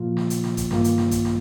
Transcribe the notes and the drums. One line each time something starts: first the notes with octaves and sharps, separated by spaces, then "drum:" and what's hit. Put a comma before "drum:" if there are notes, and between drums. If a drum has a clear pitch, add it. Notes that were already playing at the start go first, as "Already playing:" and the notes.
Already playing: A#2 F3 A#3 F4
drum: snare
drum: hi-hat
drum: snare
drum: kick A1, hi-hat
G2 D#3 A#3 F4, drum: snare
drum: hi-hat
drum: snare
drum: kick A1, hi-hat
drum: snare